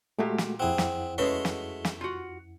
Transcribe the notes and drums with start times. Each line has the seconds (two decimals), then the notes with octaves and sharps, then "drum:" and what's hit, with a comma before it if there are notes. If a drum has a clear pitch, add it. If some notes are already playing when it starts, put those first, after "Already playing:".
0.19 A#2 G#3 A3 F#4 G4
0.38 drum: snare
0.60 F2 C4 E4 G#4 F#5
0.78 drum: snare
1.18 G#3 A3 C#4 F#4 B4 C#5 B5 C6
1.45 drum: snare
1.85 drum: snare
2.01 F4 F#4